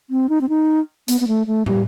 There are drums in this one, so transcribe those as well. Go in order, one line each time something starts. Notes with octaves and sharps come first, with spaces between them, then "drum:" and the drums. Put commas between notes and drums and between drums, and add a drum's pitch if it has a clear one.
C4
D#4
C4
D#4
B3, drum: hi-hat
B3
A3
A3
G3, drum: tom